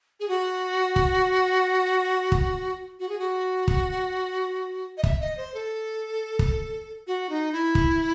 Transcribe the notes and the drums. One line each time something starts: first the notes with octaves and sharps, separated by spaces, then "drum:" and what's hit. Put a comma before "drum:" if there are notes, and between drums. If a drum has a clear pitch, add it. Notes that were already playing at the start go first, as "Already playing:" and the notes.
G#4
F#4
drum: kick
drum: kick
F#4
G#4
F#4
drum: kick
D#5
E5, drum: kick
D#5
C5
A4
drum: kick
F#4
D#4
E4
drum: kick